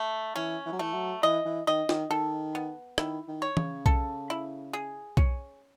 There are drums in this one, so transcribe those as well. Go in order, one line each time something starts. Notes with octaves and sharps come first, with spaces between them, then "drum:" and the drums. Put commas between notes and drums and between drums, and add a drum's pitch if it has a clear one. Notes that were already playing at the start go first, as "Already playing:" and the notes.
Already playing: A3
E3 C#4
E3
F#3
E3 A3
F#3
E3 D#5
E3
D#3 D#5
D#3, drum: snare
D#3 A4
B3
D#3 E4, drum: rim click
D#3
C#5
C#3, drum: tom
A4, drum: kick B1
E4
G#4
C#4, drum: kick B1